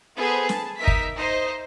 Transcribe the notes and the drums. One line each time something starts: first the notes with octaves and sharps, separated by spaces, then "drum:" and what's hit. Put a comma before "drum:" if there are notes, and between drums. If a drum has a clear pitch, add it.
B3 G#4 A4 B4 C5
A5, drum: snare
D#4 A#4 E5 B6
drum: kick
D#4 C5 D#5